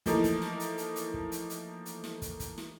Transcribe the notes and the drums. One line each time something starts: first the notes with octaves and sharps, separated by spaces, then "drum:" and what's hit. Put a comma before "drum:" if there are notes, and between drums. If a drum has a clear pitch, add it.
E3 F3 A3 A#3 D#4, drum: kick, hi-hat
drum: kick, hi-hat
drum: snare
drum: hi-hat
drum: hi-hat
drum: hi-hat
drum: kick
drum: hi-hat
drum: hi-hat
drum: hi-hat
drum: snare
drum: kick, hi-hat
drum: kick, hi-hat
drum: snare